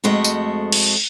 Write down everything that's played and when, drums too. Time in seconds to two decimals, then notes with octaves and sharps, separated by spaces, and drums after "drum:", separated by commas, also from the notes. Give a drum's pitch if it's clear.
0.04 F2 G#3 A3 F#4
0.24 drum: tambourine
0.72 drum: cymbal